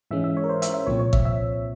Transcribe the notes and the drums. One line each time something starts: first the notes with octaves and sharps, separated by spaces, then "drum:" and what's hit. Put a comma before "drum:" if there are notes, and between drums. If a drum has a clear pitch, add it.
G#2 E3 G#3 C#4 E5
E5
C#5
A#4
C5
E5, drum: hi-hat
E5
C2 A#2 F3 C4 C#5
C#5
E5, drum: kick G#1
E5